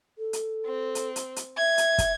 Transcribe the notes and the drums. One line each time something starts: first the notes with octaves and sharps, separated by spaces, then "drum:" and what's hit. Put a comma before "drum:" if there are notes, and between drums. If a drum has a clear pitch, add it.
A4
drum: hi-hat
C4
drum: hi-hat
drum: hi-hat
drum: hi-hat
E5 G#6
drum: hi-hat
drum: kick, hi-hat